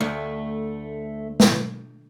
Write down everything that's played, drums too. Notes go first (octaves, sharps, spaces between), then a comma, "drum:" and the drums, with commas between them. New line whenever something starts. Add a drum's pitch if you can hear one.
D2 A3
drum: snare